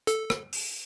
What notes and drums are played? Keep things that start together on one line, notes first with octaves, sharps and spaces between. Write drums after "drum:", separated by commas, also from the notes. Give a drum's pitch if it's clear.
A4, drum: hi-hat
drum: rim click
drum: open hi-hat